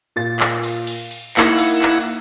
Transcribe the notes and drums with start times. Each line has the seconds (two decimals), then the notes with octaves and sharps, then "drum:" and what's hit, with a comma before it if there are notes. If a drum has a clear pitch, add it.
0.16 A#2 A6
0.40 drum: clap
0.63 drum: cymbal
0.87 drum: cymbal
1.11 drum: cymbal
1.37 A#3 D#4 E4 F#5, drum: clap
1.58 drum: cymbal
1.82 drum: clap